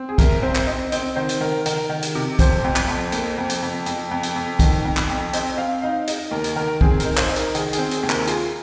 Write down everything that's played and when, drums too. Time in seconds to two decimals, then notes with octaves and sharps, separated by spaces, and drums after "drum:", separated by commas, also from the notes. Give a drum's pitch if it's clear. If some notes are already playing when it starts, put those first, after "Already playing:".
Already playing: C4
0.09 G#4
0.18 C2 A#4, drum: kick, hi-hat
0.43 C4 C5
0.55 drum: clap
0.67 C4 D#5
0.92 C4 D#5, drum: hi-hat
1.16 D#3 C5
1.29 drum: hi-hat
1.41 D#3 A#4
1.66 D#3 A#4, drum: hi-hat
1.90 D#3
2.02 drum: hi-hat
2.15 C3
2.39 F2 C5, drum: kick, hi-hat
2.64 F2
2.76 drum: clap
2.88 F2
3.12 A#3, drum: hi-hat
3.38 F2
3.50 drum: hi-hat
3.62 F2
3.86 F2, drum: hi-hat
4.11 F2
4.23 drum: hi-hat
4.36 F2
4.59 D#3, drum: kick, hi-hat
4.85 F2
4.97 drum: clap
5.09 F2
5.33 C4 D#5, drum: hi-hat
5.58 C4 F5
5.82 D#4 F5
6.07 D#4 D#5, drum: hi-hat
6.31 D#2 A#4
6.44 drum: hi-hat
6.56 D#3 A#4
6.81 C4 G#4, drum: kick
7.00 A#4, drum: hi-hat
7.05 D#4
7.17 C5, drum: clap
7.30 D#4
7.36 A#4, drum: hi-hat
7.55 D#3 G#4, drum: hi-hat
7.73 G#4, drum: hi-hat
7.78 C4
7.91 G#4, drum: hi-hat
8.03 D#2
8.10 A#4, drum: clap
8.27 F4 G#4, drum: hi-hat